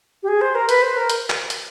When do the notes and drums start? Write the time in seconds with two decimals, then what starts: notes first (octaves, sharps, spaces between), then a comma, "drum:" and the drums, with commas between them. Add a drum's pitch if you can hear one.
0.23 G4
0.28 G#4
0.41 C5
0.55 A#4
0.69 B4, drum: hi-hat
0.82 C5
0.96 A#4
1.10 drum: hi-hat
1.30 drum: clap
1.50 drum: hi-hat